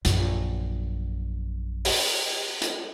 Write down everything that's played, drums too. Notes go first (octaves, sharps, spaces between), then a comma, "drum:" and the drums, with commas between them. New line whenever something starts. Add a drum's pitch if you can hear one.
A#1 F#2, drum: hi-hat
drum: open hi-hat
drum: hi-hat